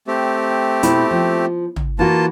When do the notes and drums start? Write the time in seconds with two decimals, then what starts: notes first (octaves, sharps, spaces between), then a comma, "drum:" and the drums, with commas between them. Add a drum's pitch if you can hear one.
0.07 A3 C4 G4
0.83 B2 E4, drum: hi-hat
1.11 F3
1.76 drum: tom
1.99 E3 A#3 F4 F#4 A5